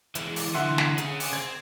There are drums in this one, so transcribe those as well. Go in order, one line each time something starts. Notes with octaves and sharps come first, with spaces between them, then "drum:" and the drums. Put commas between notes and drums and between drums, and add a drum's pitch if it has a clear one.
E3 G#3, drum: hi-hat
drum: open hi-hat
D3 E3 E5 F#5 C6
drum: snare
C#4 G#4, drum: hi-hat
drum: open hi-hat
C4 G#6